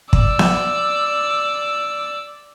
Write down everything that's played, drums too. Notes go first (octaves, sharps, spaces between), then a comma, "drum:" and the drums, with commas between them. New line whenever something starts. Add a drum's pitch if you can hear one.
D5 E6, drum: kick
drum: snare B3